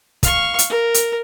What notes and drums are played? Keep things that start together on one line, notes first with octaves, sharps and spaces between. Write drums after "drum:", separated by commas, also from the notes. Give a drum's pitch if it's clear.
F5 C#6, drum: kick, hi-hat
drum: hi-hat
A#4
drum: hi-hat